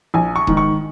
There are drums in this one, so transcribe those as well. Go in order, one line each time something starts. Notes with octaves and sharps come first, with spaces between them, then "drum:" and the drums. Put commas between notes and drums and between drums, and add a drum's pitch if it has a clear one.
A#1 G#5
C#6
G#2 D#3, drum: kick D#1
C#6